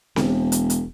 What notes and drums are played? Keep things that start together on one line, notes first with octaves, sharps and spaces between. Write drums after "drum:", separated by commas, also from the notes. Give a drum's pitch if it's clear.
E1, drum: snare C4
drum: hi-hat
drum: hi-hat